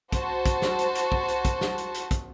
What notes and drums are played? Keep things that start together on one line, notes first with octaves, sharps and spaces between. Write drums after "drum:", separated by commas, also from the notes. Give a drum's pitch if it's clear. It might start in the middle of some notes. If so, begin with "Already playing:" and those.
F#4 C5 A5, drum: kick, hi-hat
drum: kick, hi-hat
drum: snare
drum: hi-hat
drum: hi-hat
drum: kick
drum: hi-hat
drum: kick, hi-hat
drum: snare
drum: hi-hat
drum: hi-hat
drum: kick, hi-hat